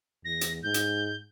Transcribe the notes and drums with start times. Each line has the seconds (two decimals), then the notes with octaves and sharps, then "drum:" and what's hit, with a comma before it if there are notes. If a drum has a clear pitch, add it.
0.25 E2 A#6
0.41 drum: hi-hat
0.63 G#2 G6
0.74 drum: hi-hat